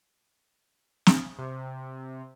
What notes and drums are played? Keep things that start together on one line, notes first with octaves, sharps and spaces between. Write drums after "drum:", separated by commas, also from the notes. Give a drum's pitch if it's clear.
drum: snare
C3